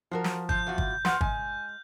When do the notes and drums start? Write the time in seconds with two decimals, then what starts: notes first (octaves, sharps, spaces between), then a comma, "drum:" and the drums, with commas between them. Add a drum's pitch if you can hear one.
0.11 F3 F4 F#4 A#4
0.24 drum: snare
0.49 F4 A5 G6, drum: kick
0.67 E2 F4 F#4
0.78 drum: kick
1.05 F#4 B4 F#5 C6 F6, drum: snare
1.21 G#3 G#5, drum: kick